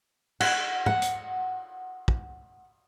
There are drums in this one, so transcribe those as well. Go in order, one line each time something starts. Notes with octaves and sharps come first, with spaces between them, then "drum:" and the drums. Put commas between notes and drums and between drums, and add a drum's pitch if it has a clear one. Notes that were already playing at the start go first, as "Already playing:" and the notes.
F#5, drum: cymbal
F#5, drum: tom
drum: hi-hat
drum: kick